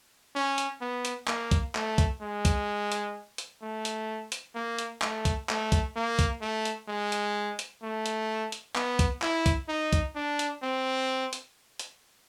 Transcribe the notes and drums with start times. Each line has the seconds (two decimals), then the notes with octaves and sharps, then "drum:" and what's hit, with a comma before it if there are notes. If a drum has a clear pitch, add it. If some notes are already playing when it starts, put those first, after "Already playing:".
0.35 C#4
0.58 drum: hi-hat
0.81 B3
1.05 drum: hi-hat
1.27 A#3, drum: clap
1.51 drum: kick B1, hi-hat
1.75 A3, drum: clap
1.98 drum: kick B1, hi-hat
2.22 G#3
2.45 drum: kick B1, hi-hat
2.92 drum: hi-hat
3.38 drum: hi-hat
3.62 A3
3.85 drum: hi-hat
4.32 drum: hi-hat
4.55 A#3
4.79 drum: hi-hat
5.02 A3, drum: clap
5.25 drum: kick B1, hi-hat
5.49 A3, drum: clap
5.72 drum: kick B1, hi-hat
5.96 A#3
6.19 drum: kick B1, hi-hat
6.41 A3
6.65 drum: hi-hat
6.88 G#3
7.12 drum: hi-hat
7.59 drum: hi-hat
7.83 A3
8.06 drum: hi-hat
8.52 drum: hi-hat
8.75 B3, drum: clap
8.99 drum: kick B1, hi-hat
9.22 E4, drum: clap
9.46 drum: kick B1, hi-hat
9.69 D#4
9.93 drum: kick B1, hi-hat
10.15 D4
10.39 drum: hi-hat
10.63 C4
11.33 drum: hi-hat
11.79 drum: hi-hat